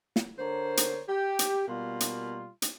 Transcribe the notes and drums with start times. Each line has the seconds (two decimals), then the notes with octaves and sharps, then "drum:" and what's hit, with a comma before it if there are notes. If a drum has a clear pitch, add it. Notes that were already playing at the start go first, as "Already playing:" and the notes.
0.16 drum: snare
0.39 D3 A#4 C5 C#5 A#5
0.77 drum: hi-hat
1.08 G4
1.39 drum: hi-hat
1.68 B2 G3 A#3 F4 C6
2.00 drum: hi-hat
2.62 drum: hi-hat